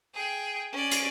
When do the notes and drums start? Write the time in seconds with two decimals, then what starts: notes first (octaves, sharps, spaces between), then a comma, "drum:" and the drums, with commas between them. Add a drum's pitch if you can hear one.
0.14 G#4 G5
0.72 C#4 D5
0.92 drum: hi-hat